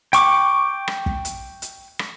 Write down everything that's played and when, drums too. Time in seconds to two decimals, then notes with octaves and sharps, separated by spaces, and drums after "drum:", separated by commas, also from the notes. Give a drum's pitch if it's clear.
0.13 G5 C#6 D6, drum: hi-hat
0.88 drum: rim click
1.06 drum: kick
1.25 drum: hi-hat
1.62 drum: hi-hat
1.99 drum: rim click